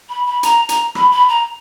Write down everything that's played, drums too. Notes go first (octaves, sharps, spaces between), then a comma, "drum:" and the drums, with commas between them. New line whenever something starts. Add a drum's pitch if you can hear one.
B5
B5
A#5, drum: hi-hat
A#5, drum: hi-hat
B5, drum: rim click
B5
A#5